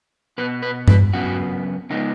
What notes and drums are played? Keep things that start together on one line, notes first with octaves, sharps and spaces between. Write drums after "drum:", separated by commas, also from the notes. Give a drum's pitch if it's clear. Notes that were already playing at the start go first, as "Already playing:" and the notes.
B2 B3 B4
B4
B4, drum: tom G2
F#2 C#3 B3 F#4
C#3 G#3 B3 D#4